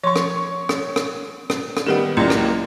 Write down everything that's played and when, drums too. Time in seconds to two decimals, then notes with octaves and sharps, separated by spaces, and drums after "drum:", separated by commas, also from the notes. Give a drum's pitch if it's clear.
0.04 F3 C#5 C6 C#6
0.16 drum: rim click
0.69 drum: rim click
0.96 drum: rim click
1.50 drum: rim click
1.77 drum: rim click
1.87 D#3 G3 B3 G4 A#4 F#5
2.17 C#2 F#2 A#2 E4 D5
2.30 drum: rim click